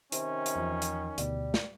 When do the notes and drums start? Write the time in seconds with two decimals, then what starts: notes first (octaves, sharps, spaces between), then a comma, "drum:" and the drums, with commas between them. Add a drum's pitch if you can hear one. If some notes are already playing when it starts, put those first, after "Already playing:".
0.12 C3 D#3 C#4, drum: hi-hat
0.46 drum: hi-hat
0.56 E2 F3
0.82 drum: hi-hat
1.18 D2 B2 G3, drum: hi-hat
1.54 drum: snare